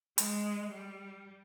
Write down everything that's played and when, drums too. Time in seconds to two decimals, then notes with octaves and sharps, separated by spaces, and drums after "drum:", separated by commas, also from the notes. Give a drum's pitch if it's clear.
0.18 G#3, drum: hi-hat
0.72 G3